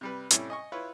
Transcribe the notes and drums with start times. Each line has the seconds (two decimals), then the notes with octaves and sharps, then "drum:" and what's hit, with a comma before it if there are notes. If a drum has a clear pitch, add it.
0.01 C3 G3 B4
0.31 A2 C3 G3 A3 C#4 E4, drum: hi-hat
0.50 D#5 G#5 C#6
0.72 E4 F4 B4 C#5